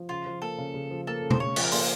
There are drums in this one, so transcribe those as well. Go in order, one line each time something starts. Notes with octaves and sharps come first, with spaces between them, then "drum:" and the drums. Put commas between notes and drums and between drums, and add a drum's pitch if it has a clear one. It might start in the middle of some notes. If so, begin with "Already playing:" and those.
Already playing: F3
C#3 F4
F3
A#3 A4
C#3
C#3
F3
A#3 A4
C#3
C5, drum: tom B2
C#3 C#5
F3, drum: cymbal
A#4
A#3 C5, drum: open hi-hat